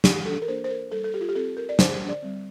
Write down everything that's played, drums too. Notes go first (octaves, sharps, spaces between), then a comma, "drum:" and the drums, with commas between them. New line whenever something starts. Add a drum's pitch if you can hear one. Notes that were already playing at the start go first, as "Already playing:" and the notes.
E3 G4, drum: snare
A4
A#4
A#3 D4 C5
C5
A#4
G3 A4
A4
G4
F4
G4
C4 A4
A#4
D5
D3 C5, drum: snare
D5
G3 C4